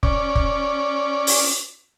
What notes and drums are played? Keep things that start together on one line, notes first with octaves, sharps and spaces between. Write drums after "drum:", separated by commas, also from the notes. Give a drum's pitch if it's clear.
C#4 D5, drum: kick
drum: kick
drum: open hi-hat